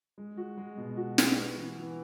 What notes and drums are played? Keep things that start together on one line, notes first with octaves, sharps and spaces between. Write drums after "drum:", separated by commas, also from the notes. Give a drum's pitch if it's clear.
G#3
F#4
G#3
B2
F#4
F#4, drum: snare
B3
E3
E3